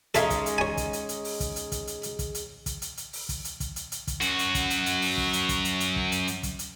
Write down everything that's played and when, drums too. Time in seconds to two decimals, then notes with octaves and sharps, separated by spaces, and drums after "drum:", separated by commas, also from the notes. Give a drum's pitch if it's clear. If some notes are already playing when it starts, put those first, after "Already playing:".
0.15 G#3 C#4 D#4 A4 E5 F5, drum: hi-hat
0.30 drum: kick, hi-hat
0.46 drum: hi-hat
0.58 C#5 G#5
0.77 drum: kick, hi-hat
0.93 drum: hi-hat
1.09 drum: hi-hat
1.25 drum: open hi-hat
1.40 drum: kick, hi-hat
1.56 drum: hi-hat
1.72 drum: kick, hi-hat
1.87 drum: hi-hat
2.03 drum: hi-hat
2.19 drum: kick, hi-hat
2.35 drum: hi-hat
2.66 drum: kick, hi-hat
2.82 drum: hi-hat
2.97 drum: hi-hat
3.13 drum: open hi-hat
3.29 drum: kick, hi-hat
3.45 drum: hi-hat
3.60 drum: kick, hi-hat
3.76 drum: hi-hat
3.92 drum: hi-hat
4.07 drum: kick, hi-hat
4.21 F#2 F#4, drum: hi-hat
4.39 drum: hi-hat
4.55 drum: kick, hi-hat
4.70 drum: hi-hat
4.86 drum: hi-hat
5.02 drum: open hi-hat
5.17 drum: kick
5.33 drum: hi-hat
5.49 drum: kick, hi-hat
5.65 drum: hi-hat
5.80 drum: hi-hat
5.96 drum: kick
6.12 drum: hi-hat
6.27 drum: hi-hat
6.43 drum: kick, hi-hat
6.59 drum: hi-hat